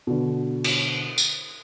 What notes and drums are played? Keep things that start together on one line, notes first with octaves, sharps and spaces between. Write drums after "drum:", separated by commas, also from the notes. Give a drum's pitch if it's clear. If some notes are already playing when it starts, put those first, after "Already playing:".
B2 D3
drum: cymbal
drum: tambourine